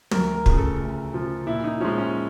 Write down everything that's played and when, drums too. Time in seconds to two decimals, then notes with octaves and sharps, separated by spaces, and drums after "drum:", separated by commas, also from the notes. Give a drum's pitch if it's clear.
0.11 D2 A#4, drum: tom
0.34 A#4
0.46 C#3 F3, drum: kick
0.58 A4
0.79 D2
1.13 C#3 F3
1.47 A#2 E4
1.64 D#4
1.80 F3 G#3 C#4
1.98 C#4